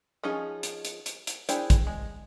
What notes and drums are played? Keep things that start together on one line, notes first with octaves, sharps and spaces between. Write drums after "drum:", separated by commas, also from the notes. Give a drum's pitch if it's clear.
F3 C#4 D#4 G#4
drum: hi-hat
drum: hi-hat
drum: hi-hat
drum: hi-hat
D4 E4 G#4 C5 G5, drum: hi-hat
drum: kick A1, hi-hat
G#3